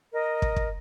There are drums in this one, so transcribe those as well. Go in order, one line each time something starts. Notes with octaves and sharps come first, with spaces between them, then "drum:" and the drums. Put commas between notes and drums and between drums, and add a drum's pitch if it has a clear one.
A#4 D#5
drum: kick
drum: kick